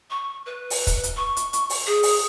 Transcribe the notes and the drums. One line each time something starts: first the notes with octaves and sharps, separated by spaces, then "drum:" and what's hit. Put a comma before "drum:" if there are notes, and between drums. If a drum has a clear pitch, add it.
C#6
B4
drum: open hi-hat
drum: kick, hi-hat
drum: hi-hat
C#6
drum: hi-hat
drum: hi-hat
drum: open hi-hat
G#4
drum: open hi-hat